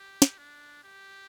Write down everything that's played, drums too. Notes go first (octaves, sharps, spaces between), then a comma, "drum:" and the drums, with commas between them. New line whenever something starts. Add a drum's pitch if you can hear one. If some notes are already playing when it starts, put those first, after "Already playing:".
Already playing: G4
drum: snare
D4
G4